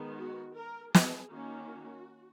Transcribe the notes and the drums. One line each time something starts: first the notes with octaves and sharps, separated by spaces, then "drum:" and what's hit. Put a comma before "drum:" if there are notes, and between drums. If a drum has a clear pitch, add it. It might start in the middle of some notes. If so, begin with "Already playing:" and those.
Already playing: D#3 G#3 B3
F#4
A#4
G#4, drum: snare
D#3 A#3 C#4 F#4